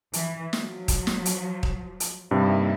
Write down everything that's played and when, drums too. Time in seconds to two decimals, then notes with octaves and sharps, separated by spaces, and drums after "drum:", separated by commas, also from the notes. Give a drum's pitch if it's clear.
0.13 E3, drum: hi-hat
0.53 F3 F#3, drum: snare
0.88 drum: kick D#1, hi-hat
1.07 drum: snare
1.25 drum: hi-hat
1.63 drum: kick D#1
2.00 drum: hi-hat
2.31 G2 C3 A#3 D#4 E4